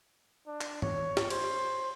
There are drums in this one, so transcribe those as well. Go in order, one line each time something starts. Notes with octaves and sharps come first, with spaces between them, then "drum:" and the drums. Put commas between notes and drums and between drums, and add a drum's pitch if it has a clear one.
D4
drum: clap
C#5, drum: tom
drum: snare
C5, drum: cymbal